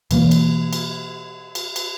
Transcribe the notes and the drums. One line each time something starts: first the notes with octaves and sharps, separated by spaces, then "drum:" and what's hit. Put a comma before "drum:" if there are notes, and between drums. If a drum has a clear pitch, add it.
B2 E3 A#3, drum: cymbal
drum: cymbal
drum: cymbal
drum: cymbal
drum: cymbal